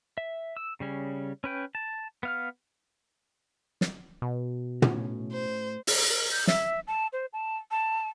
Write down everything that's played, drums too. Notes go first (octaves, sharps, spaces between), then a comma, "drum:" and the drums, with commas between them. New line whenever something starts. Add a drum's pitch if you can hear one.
E5
E6
C#3 G3 C#4
C#4 B4 G5
A5
B3 F5 F6
drum: snare
B2
A2 C#4, drum: tom
C5
drum: open hi-hat
A#4
G6
E5, drum: snare
A5
C5
A5
A5